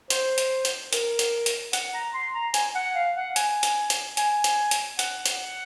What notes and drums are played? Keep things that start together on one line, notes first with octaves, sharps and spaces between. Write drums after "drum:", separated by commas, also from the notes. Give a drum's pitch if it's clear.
C5, drum: hi-hat
drum: hi-hat
drum: hi-hat
A#4, drum: hi-hat
drum: hi-hat
drum: hi-hat
F#5, drum: hi-hat
A#5
C6
A#5
G#5, drum: hi-hat
F#5
F5
F#5
G#5, drum: hi-hat
drum: hi-hat
drum: hi-hat
G#5, drum: hi-hat
drum: hi-hat
drum: hi-hat
F#5, drum: hi-hat
drum: hi-hat